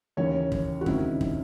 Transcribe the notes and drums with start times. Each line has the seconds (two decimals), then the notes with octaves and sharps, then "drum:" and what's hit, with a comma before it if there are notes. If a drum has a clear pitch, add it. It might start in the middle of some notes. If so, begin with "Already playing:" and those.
0.17 D#2 C#3 E3 C#4 C#5
0.52 drum: kick
0.81 F#4
0.86 C#2 C3 D#3 E4, drum: kick
1.21 drum: kick